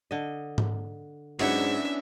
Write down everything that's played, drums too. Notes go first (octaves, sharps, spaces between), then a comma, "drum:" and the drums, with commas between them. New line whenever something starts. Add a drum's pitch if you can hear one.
D3 D#5
drum: tom G#2
G#2 F#3 B3 C#4 D4 E4 E5 F#5, drum: cymbal